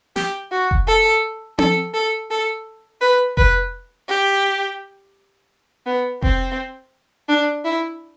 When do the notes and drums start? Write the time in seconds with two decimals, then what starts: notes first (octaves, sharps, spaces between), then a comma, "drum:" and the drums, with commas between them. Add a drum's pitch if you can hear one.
0.16 G4, drum: snare
0.51 F#4
0.71 drum: kick F1
0.88 A4
1.58 A4, drum: tom C4
1.94 A4
2.30 A4
3.01 B4
3.37 B4, drum: kick F1
4.09 G4
5.86 B3
6.22 C4, drum: kick F1
7.29 D4
7.65 E4